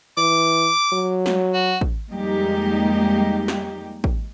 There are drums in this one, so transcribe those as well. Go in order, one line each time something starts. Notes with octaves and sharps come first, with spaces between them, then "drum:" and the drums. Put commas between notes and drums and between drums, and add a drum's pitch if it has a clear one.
E3 D6
F#3
drum: snare
F#4
drum: kick
F2 G3 G#3 A#3 D#4 G4
drum: snare
drum: kick